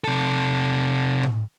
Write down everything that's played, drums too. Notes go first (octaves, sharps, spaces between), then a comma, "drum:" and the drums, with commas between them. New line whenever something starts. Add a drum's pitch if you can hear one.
C3 A4
drum: tom A2